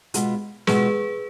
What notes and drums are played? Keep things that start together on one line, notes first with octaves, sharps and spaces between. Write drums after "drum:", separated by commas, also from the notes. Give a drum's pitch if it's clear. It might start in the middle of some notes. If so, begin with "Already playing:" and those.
B2 G#3 B3 F4, drum: hi-hat
B2 G#3 B3 F4 G#4 B4, drum: snare